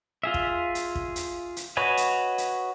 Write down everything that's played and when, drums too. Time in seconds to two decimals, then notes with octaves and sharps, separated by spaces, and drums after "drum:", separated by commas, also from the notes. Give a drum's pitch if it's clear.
0.24 F4 G#4 E5
0.34 drum: kick
0.75 drum: hi-hat
0.95 drum: kick
1.16 drum: hi-hat
1.56 drum: hi-hat
1.77 F#4 B4 C#5 D#5 G#5
1.97 drum: hi-hat
2.38 drum: hi-hat